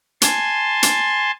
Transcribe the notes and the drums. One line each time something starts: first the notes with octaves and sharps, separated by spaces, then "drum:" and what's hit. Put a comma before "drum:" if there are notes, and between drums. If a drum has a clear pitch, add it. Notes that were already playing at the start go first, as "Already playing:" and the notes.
G#5 A5 C6, drum: hi-hat
drum: hi-hat